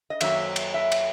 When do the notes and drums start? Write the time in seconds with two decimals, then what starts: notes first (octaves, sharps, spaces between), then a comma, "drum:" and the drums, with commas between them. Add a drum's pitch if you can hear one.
0.10 D#5
0.21 F#2 D#3 F#3 A#3 E5, drum: cymbal
0.56 drum: cymbal
0.74 E5
0.92 drum: cymbal